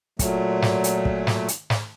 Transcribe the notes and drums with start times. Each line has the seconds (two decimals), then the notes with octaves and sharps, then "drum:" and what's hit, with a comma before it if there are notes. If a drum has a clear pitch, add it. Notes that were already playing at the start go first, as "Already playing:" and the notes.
0.19 A#2 F#3 A3, drum: kick, hi-hat
0.62 drum: snare
0.84 drum: hi-hat
1.05 drum: kick
1.27 drum: snare
1.48 drum: hi-hat
1.70 drum: snare